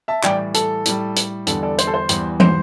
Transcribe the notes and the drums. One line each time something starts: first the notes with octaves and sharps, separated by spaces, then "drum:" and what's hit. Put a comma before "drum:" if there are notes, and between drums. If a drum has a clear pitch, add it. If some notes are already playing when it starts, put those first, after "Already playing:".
E5 A5
A2 E3 G3 D5 G5, drum: clap
A4, drum: hi-hat
A2 G3, drum: hi-hat
drum: hi-hat
E2 D3 G3 A4, drum: hi-hat
A4 D5
C5, drum: hi-hat
A4
C5
E2 E3 G3, drum: hi-hat
C5, drum: tom